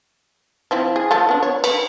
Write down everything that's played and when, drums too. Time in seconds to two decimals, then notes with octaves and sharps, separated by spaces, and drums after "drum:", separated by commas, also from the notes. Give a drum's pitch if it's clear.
0.71 F3 C4 E4
0.96 G#4
1.11 A3 F4 A4
1.29 B3 D4
1.43 C#5
1.64 B4, drum: cymbal